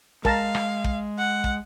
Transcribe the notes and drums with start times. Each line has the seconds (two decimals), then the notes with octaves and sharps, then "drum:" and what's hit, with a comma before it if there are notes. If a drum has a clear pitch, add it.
0.25 G#3 A#4 F5 A5 A#5, drum: kick
0.55 drum: rim click
0.84 drum: kick
1.18 F#5
1.44 drum: kick